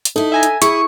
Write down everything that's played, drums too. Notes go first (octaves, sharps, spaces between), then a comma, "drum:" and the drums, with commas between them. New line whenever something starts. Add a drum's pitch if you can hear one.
drum: hi-hat
D#4 E4 A4
E5 G#5 A#5
drum: hi-hat
E4 G#4 C#6, drum: hi-hat